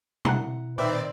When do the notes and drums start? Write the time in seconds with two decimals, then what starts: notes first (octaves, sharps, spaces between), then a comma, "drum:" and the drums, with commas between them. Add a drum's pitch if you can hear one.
0.25 E4 F#5 A#5, drum: tom
0.78 A#2 D#3 C4 B4 C5 D5 E5